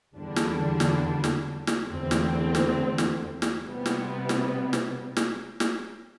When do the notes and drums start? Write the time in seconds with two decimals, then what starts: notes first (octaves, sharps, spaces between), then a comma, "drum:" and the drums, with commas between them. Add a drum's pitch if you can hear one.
0.14 E2 D3 G3 D4
0.36 drum: snare
0.80 drum: snare
1.24 drum: snare
1.67 drum: snare
1.89 E2 D3 A3 C4
2.11 drum: snare
2.55 drum: snare
2.98 drum: snare
3.42 drum: snare
3.64 C3 G3 B3
3.86 drum: snare
4.29 drum: snare
4.73 drum: snare
5.17 drum: snare
5.60 drum: snare